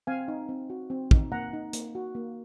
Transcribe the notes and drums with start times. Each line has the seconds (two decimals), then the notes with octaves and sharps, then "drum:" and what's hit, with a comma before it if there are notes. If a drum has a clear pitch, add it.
0.07 C4 F5 G#5
0.28 D#4
0.49 C4
0.70 F#4
0.90 C4
1.11 D#4, drum: kick
1.32 A#3 F#5 A#5
1.53 D#4
1.73 A#3, drum: hi-hat
1.95 F#4
2.15 A#3